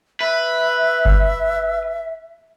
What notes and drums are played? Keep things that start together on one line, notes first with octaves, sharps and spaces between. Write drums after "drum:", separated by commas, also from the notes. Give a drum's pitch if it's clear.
B4 E5
drum: kick G1